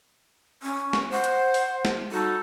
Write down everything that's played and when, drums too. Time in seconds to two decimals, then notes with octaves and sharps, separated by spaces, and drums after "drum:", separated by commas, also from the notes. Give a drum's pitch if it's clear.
0.63 C#4
0.93 drum: snare
1.11 C5 F#5
1.24 drum: hi-hat
1.54 drum: open hi-hat
1.85 drum: snare
2.12 G3 D#4 F#4 A4